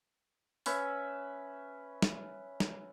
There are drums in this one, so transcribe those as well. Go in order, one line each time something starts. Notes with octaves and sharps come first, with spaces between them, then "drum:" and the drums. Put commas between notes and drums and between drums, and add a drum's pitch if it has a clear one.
C#4 B4 E5, drum: open hi-hat
drum: snare
drum: snare